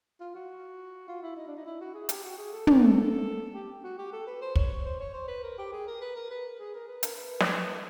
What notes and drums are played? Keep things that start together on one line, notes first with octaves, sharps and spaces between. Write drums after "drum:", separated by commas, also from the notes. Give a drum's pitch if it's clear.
F4
F#4
F4
E4
D#4
D4
D#4
E4
F#4
G#4
G4, drum: hi-hat
F#4
G#4
A4
A#4, drum: tom
A4
G4
F#4
G4
A4
B4
C5
C#5, drum: kick
C5
C#5
C5
B4
A#4
G4
G#4
A#4
B4
A#4
B4
G#4
A#4
B4
A#4, drum: hi-hat
B4
drum: snare